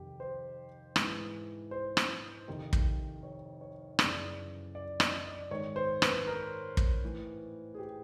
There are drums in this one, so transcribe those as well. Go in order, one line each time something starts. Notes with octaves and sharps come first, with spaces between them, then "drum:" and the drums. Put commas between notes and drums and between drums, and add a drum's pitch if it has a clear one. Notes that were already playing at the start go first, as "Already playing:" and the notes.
Already playing: F2 C3 D#3 G4
C5
G#2 E3, drum: rim click
C5
drum: rim click
F2 C3 D#3
drum: kick
C#5
C#5
F#2 C#3 E3 D5, drum: rim click
D5
D#5, drum: rim click
D5
G#2 D#3 C#5
C5
B4, drum: rim click
A#4
drum: kick
A2 E3
G#4
G4